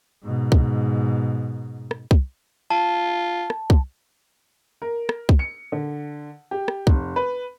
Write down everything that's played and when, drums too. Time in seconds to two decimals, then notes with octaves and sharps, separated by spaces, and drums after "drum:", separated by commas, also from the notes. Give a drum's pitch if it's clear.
0.23 G#2 B2
0.52 drum: kick C2
1.91 drum: rim click
2.11 drum: kick C2
2.70 F4 A5
3.50 drum: rim click
3.70 drum: kick C2
4.82 A#4
5.09 drum: rim click
5.29 drum: kick C2
5.39 C#7
5.72 D3
6.51 G4
6.68 drum: rim click
6.87 F1, drum: kick C2
7.16 B4